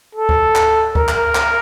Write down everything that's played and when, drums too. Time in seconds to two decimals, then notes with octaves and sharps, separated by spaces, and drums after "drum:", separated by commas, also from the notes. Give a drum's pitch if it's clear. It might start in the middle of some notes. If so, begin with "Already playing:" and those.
0.15 A4
0.29 drum: kick D2
0.56 drum: clap
0.95 A#4, drum: kick D2
1.09 drum: clap
1.35 drum: clap